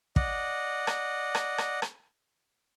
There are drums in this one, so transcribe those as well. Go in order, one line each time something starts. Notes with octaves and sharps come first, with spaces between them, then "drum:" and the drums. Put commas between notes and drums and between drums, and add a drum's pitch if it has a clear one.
D5 D#5 F#5, drum: kick
drum: rim click
drum: rim click
drum: rim click
drum: rim click